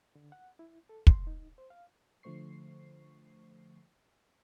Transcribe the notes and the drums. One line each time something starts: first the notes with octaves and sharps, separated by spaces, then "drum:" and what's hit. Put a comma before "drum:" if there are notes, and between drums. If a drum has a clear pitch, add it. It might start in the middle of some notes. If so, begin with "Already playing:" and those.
D3
F#5
E4
A4
C6, drum: kick
D#4
C5
F5
D3 F3 A3 C5 C#6 C7